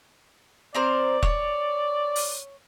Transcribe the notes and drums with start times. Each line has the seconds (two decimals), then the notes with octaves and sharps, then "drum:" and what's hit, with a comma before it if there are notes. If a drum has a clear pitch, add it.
0.75 C4 A#4 C5 D5
1.23 C#5, drum: kick E1
2.16 drum: open hi-hat